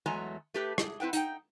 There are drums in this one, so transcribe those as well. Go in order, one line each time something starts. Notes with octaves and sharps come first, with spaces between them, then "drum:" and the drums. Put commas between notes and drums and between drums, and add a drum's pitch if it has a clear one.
E2 F#3 G#3 A3 G#5 A#5
A3 G4 B4
G#4, drum: rim click
C4 E4 B4 F#5 G5
D#4 G5, drum: hi-hat